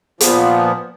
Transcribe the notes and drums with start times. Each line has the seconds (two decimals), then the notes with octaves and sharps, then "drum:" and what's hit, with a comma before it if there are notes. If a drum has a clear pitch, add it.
0.20 A#2 F3 B3, drum: hi-hat